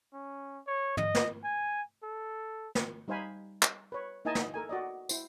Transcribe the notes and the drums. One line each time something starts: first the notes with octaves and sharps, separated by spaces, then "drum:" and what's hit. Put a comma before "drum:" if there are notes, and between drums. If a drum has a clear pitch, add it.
C#4
C#5
D#5, drum: tom
drum: snare
G#5
A4
drum: snare
G3 D#4 C5 F5 G#5 B5
drum: clap
B4 C#5
A#3 D#4 E4 D#5 G#5 A5
drum: snare
A4 A#4 G#5
F#4 D5 D#5
E4 C5, drum: tambourine